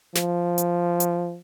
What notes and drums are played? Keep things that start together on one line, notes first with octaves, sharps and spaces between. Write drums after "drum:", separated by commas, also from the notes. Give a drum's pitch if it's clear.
F3, drum: snare
drum: hi-hat
drum: hi-hat